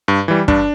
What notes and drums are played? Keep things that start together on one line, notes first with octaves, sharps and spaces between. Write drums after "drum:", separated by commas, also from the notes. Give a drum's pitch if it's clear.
G2
E3 G3
G2 D4, drum: kick